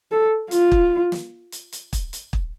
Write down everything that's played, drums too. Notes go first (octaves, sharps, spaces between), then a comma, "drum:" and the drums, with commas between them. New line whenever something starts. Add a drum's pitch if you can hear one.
A4
F4, drum: hi-hat
drum: kick
drum: snare
drum: hi-hat
drum: hi-hat
drum: kick, hi-hat
drum: hi-hat
drum: kick